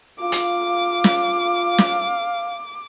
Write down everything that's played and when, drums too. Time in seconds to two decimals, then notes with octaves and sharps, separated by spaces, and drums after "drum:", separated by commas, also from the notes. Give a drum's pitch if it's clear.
0.21 F4 F5 D6
0.32 drum: hi-hat
1.04 drum: snare
1.78 drum: snare